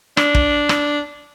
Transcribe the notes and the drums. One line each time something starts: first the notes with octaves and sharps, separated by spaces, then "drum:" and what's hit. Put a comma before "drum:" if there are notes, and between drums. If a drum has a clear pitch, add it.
D4, drum: rim click
drum: kick
drum: rim click